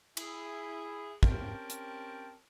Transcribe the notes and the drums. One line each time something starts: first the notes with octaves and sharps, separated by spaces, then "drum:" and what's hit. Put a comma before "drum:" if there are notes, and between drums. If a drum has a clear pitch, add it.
E4 G#4, drum: cymbal
C4 C#4 G4 A#4 G5 A5, drum: kick
drum: hi-hat